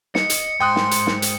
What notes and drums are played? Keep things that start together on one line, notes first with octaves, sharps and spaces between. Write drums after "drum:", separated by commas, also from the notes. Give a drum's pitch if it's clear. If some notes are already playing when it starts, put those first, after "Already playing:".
D#5 C#7, drum: snare
drum: hi-hat
G#2 G5 C6 D#6 F#6
drum: snare
drum: hi-hat
drum: snare
drum: hi-hat